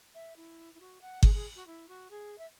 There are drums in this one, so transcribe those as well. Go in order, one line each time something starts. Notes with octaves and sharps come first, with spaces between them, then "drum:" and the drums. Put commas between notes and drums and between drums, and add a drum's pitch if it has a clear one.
E5
E4
E4
F#4
F#5
G#4, drum: kick G1
G#4
F#4
E4
F#4
G#4
E5